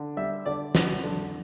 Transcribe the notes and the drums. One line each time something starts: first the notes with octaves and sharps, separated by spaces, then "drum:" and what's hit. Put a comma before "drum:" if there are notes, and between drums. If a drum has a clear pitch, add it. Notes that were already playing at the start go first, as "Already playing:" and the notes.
Already playing: D3
G3 E5
D3 D5
F#3, drum: snare
D3